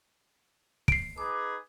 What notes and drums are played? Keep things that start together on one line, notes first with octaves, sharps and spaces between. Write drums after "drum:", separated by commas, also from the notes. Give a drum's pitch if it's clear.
C7 D7, drum: kick
D#4 G#4 B4 D6